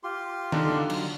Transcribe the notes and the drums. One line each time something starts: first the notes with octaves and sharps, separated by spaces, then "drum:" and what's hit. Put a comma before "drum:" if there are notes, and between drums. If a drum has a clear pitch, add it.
F4 G4 C6
D3 D4 D#4, drum: tom D#3
F#3, drum: cymbal